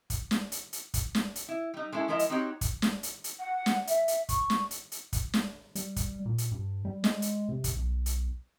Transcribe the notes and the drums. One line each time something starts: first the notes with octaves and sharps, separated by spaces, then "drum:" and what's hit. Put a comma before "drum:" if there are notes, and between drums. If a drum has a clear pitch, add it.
drum: kick, hi-hat
drum: snare
drum: hi-hat
drum: hi-hat
drum: kick, hi-hat
drum: snare
drum: hi-hat
E4
G3 D#4
G#3 C#4 E4 A4
F3 G#3 E4 A#4 D#5
drum: hi-hat
C4 D#4 F#4 G4 C#5
drum: kick, hi-hat
drum: snare
drum: hi-hat
drum: hi-hat
F#5
drum: snare
E5, drum: hi-hat
drum: hi-hat
C#6, drum: kick, hi-hat
drum: snare
drum: hi-hat
drum: hi-hat
drum: kick, hi-hat
drum: snare
G3, drum: hi-hat
drum: kick, hi-hat
A#2
drum: hi-hat
G2
G3
G#3, drum: snare
drum: hi-hat
C3
drum: kick, hi-hat
B1
drum: hi-hat